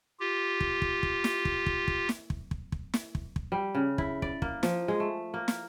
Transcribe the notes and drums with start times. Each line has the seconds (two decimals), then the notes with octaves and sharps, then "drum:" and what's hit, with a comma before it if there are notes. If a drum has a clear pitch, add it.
0.20 F4 G4
0.61 drum: kick
0.82 drum: kick
1.03 drum: kick
1.24 drum: snare
1.45 drum: kick
1.66 drum: kick
1.88 drum: kick
2.09 drum: snare
2.30 drum: kick
2.51 drum: kick
2.72 drum: kick
2.94 drum: snare
3.15 drum: kick
3.36 drum: kick
3.52 G3
3.75 C#3
3.98 E4, drum: kick
4.22 D5, drum: kick
4.42 A#3, drum: kick
4.63 F3, drum: snare
4.88 G#3
5.00 A3
5.34 A#3
5.48 drum: snare